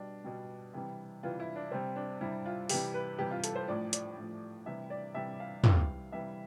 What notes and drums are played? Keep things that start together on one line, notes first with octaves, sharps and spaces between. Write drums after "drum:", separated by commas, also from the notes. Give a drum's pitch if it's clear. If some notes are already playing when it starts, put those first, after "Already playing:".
Already playing: B2 G3 D4
B2 G3
C3 E3 G3
C3 E3 G3 F4
E4
D4
C3 G3 C4
D4
C3 G3 E4
F4
C3 E3 G3 G4, drum: open hi-hat
B4
C3 E3 G3 G4
F4
A4, drum: hi-hat
C5
A2 F3 D5
D5, drum: hi-hat
A2 F3
C3 E3 G3 E5
D5
C3 E3 G3 E5
F5
C3 E3 G3 F5, drum: tom
C3 E3 G3 E5